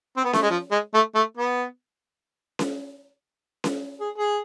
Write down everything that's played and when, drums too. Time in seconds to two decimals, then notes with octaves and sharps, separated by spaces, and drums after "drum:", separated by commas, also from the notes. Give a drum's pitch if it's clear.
0.17 C4
0.25 B3
0.33 A3, drum: snare C#4
0.42 G#3
0.50 F3
0.72 G#3
0.94 A3
1.15 A3
1.38 B3
2.59 drum: snare C#4
3.64 drum: snare C#4
4.00 G#4
4.18 G#4